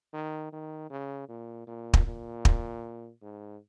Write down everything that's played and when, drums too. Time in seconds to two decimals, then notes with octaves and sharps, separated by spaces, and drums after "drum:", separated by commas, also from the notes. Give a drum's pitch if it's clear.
0.13 D#3
0.53 D#3
0.90 C#3
1.29 A#2
1.67 A#2
1.94 drum: kick
2.06 A#2
2.45 drum: kick
3.22 G#2